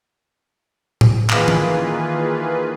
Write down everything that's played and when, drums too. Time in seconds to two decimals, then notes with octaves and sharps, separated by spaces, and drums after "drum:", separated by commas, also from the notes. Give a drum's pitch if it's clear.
1.01 drum: tom A2
1.30 D#3 E3 A#3 F4 G#4 B4, drum: clap
1.48 drum: tom E3